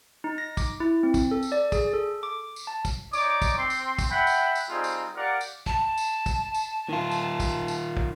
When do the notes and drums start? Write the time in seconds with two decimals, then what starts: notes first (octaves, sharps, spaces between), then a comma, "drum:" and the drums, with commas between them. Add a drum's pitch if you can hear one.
0.24 D#4
0.38 A#6
0.57 D6, drum: kick, tambourine
0.80 E4
1.03 C4
1.14 drum: kick, tambourine
1.31 A4
1.43 drum: tambourine
1.52 D5
1.72 G#4, drum: kick, tambourine
1.93 A4
2.23 D6
2.56 drum: tambourine
2.67 A5
2.85 drum: kick, tambourine
3.13 D#4 C#5 D5 D6, drum: tambourine
3.42 drum: kick, tambourine
3.57 C4 C6
3.70 drum: tambourine
3.98 drum: kick, tambourine
4.10 E5 F#5 G5 B5
4.27 drum: tambourine
4.55 drum: tambourine
4.69 G3 C4 D#4 F4 G#4 C5
4.84 drum: tambourine
5.16 G4 A#4 D5 F5 F#5
5.41 drum: tambourine
5.66 A5, drum: kick
5.98 drum: tambourine
6.26 drum: kick, tambourine
6.54 drum: tambourine
6.89 D#3 F4
7.11 drum: tambourine
7.40 drum: kick, tambourine
7.68 drum: tambourine
7.97 drum: kick